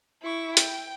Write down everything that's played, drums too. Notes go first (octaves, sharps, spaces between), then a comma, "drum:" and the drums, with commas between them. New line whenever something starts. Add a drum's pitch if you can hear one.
E4 C#6
G5, drum: hi-hat